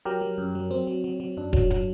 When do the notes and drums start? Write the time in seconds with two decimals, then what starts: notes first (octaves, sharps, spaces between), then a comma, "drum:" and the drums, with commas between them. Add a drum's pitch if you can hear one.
0.05 F#3 G4 A#4
0.21 F#3
0.38 F#2
0.55 F#3
0.71 F#3 C4
0.87 F#3
1.04 F#3
1.20 F#3
1.37 F#2 D4
1.53 F#3, drum: kick E1
1.70 F#3, drum: hi-hat